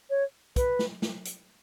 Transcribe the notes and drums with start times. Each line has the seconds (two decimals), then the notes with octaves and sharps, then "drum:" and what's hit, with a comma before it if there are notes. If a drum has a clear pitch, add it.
0.10 C#5
0.56 B4, drum: kick, hi-hat
0.79 drum: snare
1.02 drum: snare
1.25 drum: hi-hat